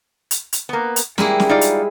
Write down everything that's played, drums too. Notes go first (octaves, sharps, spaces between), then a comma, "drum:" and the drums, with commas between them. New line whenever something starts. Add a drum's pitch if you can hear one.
drum: hi-hat
drum: hi-hat
A#3 B3
drum: hi-hat
G3 G#3 A#3 E4, drum: snare
drum: snare
D#4 F4 D5
drum: hi-hat